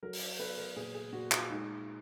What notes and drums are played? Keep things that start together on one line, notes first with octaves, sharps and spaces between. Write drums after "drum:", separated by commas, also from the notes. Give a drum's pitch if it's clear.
F#3 A#4
drum: open hi-hat
B3 B4
A#4
A#2 G#4
G#4
A#2 F#4
F4, drum: clap
G#3 D#4